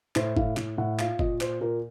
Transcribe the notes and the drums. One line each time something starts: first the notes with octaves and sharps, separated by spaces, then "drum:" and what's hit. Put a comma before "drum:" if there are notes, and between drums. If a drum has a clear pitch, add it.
A2 C5, drum: clap
A2 F5, drum: kick F#1
A2, drum: clap
A2 F#5
A#2 F5, drum: clap
A#2 D#5, drum: kick F#1
A#2 C5, drum: clap
A#2 A#4